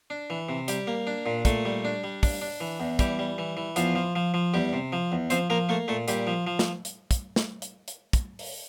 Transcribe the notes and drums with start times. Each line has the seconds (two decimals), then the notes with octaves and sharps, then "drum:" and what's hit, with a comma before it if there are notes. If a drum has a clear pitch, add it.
0.10 D4
0.30 E3
0.49 C3
0.68 G3 G4, drum: hi-hat
0.87 A#3
1.07 D4
1.26 A#2
1.45 A#2 A3 A4, drum: kick, hi-hat
1.65 G3
1.85 D4
2.04 G3
2.23 D4, drum: kick, open hi-hat
2.41 D4
2.61 E3
2.80 E2
2.99 E3 G3 G4, drum: kick, hi-hat
3.19 G3
3.38 E3
3.57 E3
3.76 E2 F3 F4, drum: hi-hat
3.95 F3
4.16 F3
4.34 F3
4.54 E2 G3 G4
4.73 C3
4.93 F3
5.12 E2
5.30 F3 C4 C5, drum: hi-hat
5.50 F3 A#3 A#4
5.69 A3 A#3 A4
5.88 A#2 A3 A4
6.08 A#2 G3 G4, drum: hi-hat
6.27 F3
6.47 F3
6.59 drum: snare
6.85 drum: hi-hat
7.11 drum: kick, hi-hat
7.36 drum: snare
7.62 drum: hi-hat
7.88 drum: hi-hat
8.13 drum: kick, hi-hat
8.39 drum: open hi-hat